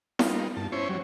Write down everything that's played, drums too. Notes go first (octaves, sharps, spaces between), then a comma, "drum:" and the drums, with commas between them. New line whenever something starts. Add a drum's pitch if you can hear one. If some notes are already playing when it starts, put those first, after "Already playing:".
G3 A#3 B3 D#4 F4, drum: snare E4
G2 A5
C#4 E4 C5 C#5
F#3 G3